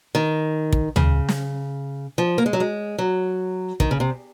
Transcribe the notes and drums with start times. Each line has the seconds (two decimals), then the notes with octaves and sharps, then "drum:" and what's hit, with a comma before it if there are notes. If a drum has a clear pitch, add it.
0.15 D#3
0.73 drum: kick
0.96 C#3, drum: tom
1.29 drum: snare
2.18 F3
2.38 A#3
2.46 G#3
2.53 F#3
2.60 G#3
2.98 F#3
3.80 D#3, drum: kick
3.91 C#3
4.00 C3